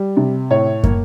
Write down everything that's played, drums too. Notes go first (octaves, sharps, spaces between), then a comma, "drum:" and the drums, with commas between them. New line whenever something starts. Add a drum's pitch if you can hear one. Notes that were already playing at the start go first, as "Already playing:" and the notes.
Already playing: G3
C3
A2 C#5
A#3, drum: kick